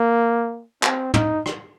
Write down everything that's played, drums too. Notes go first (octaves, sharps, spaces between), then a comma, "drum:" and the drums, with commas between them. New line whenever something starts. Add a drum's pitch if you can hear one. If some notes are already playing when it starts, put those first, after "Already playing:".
Already playing: A#3
C4, drum: clap
D#4, drum: tom
drum: rim click